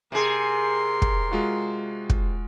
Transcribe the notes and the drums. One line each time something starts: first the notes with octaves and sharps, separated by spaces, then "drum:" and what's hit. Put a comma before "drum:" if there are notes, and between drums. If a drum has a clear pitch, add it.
C3 G#4 A#4 C6
drum: kick
G#3 F4 F#4
drum: kick